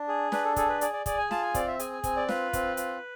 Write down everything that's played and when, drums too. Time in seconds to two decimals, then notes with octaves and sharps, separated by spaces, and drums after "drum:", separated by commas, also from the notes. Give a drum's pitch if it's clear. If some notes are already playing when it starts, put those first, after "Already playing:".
Already playing: D4
0.08 G#4
0.32 D4 B4, drum: snare
0.45 A4
0.56 G#4 A4, drum: kick, hi-hat
0.69 B4
0.81 G#4 D5, drum: hi-hat
0.93 D5
1.06 G#4 D5, drum: kick, hi-hat
1.18 G#5
1.31 F4 A5, drum: snare
1.43 G#5
1.54 C4 D5, drum: kick, hi-hat
1.67 E5
1.79 G#4 G#5, drum: hi-hat
1.92 G#5
2.04 C4 G#5, drum: kick, hi-hat
2.17 D5
2.28 F4 B4, drum: snare
2.53 C4, drum: kick, hi-hat
2.77 F4, drum: hi-hat